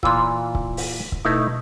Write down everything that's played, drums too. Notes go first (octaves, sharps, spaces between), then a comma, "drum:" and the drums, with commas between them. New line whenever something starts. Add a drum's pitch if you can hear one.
A#2 E3 F4 C6 E6, drum: kick C#1
drum: kick C#1
drum: open hi-hat
drum: kick C#1
B2 A3 D#4 E4